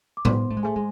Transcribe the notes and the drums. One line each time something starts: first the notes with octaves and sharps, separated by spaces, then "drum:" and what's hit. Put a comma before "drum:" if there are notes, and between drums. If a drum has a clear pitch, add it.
D6
B3 C5 C6, drum: tom A2
A3
G#3
A3 G#4 G#5
G#3